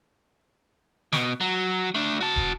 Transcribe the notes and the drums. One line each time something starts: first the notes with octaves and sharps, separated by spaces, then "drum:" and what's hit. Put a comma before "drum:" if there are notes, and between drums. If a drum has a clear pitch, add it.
B2, drum: snare
F#3
A3 D4
F#4 A5
drum: kick